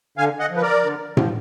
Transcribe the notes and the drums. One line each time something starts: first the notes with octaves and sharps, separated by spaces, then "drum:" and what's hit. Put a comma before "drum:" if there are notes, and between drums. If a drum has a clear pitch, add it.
D3 F5 G#5
D#5 F#5
F3
B4
A#4 D5
D3
F3, drum: tom A2